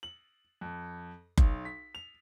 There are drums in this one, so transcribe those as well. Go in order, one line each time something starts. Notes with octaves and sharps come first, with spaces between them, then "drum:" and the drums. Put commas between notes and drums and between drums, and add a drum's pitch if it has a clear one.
F#7
F2
B1, drum: kick F#1
B6
F7